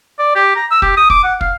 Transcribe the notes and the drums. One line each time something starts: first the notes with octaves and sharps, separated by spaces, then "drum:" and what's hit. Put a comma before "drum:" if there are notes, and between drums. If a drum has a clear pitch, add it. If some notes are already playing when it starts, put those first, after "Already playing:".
D5
G4
A#5
E6
G4, drum: kick
D#6
D6, drum: kick
F#5
F5, drum: kick